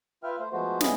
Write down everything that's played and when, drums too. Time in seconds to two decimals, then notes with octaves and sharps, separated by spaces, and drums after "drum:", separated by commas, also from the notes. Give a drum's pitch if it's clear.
0.23 F4 B4 E5 G5 F6
0.39 A3 C5
0.53 F3 G#3 A3 B3 F#4 C5
0.81 C#3 G3 B3 E4 G#4 D#5, drum: snare